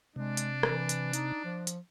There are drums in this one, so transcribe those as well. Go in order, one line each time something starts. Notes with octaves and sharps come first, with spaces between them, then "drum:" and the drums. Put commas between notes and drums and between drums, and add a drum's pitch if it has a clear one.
C3 G#3 D4
drum: hi-hat
E3, drum: rim click
drum: hi-hat
D#4, drum: hi-hat
F3
drum: hi-hat